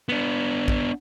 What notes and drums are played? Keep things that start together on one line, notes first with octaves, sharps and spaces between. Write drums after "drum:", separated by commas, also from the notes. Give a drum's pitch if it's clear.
B3 D4
drum: kick